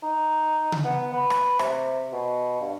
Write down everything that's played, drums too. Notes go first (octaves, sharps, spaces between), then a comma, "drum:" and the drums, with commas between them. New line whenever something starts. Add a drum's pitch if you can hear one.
D#4
drum: tom C#3
B3
B4
drum: rim click
C3, drum: rim click
B2
G2